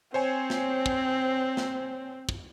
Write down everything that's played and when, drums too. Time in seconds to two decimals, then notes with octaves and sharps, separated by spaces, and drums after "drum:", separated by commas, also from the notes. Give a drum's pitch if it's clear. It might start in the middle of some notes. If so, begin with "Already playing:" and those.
0.14 C4 C5 C#5 G#5
0.50 drum: snare
0.86 drum: kick
1.57 drum: snare
2.29 drum: kick